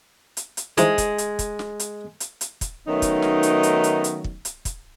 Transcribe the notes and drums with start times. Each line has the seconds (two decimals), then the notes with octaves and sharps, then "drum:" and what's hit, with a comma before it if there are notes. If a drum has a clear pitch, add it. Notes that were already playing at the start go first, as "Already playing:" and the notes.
0.37 drum: hi-hat
0.57 drum: hi-hat
0.77 G#3 D#4 E4 C5, drum: hi-hat
0.98 drum: kick, hi-hat
1.18 drum: hi-hat
1.39 drum: kick, hi-hat
1.59 drum: snare
1.80 drum: hi-hat
2.20 drum: hi-hat
2.41 drum: hi-hat
2.61 drum: kick, hi-hat
2.87 D#3 F#3 A3 B3 C#4 D#4
3.02 drum: kick, hi-hat
3.22 drum: snare
3.43 drum: hi-hat
3.63 drum: hi-hat
3.84 drum: hi-hat
4.04 drum: hi-hat
4.24 drum: kick
4.45 drum: hi-hat
4.65 drum: kick, hi-hat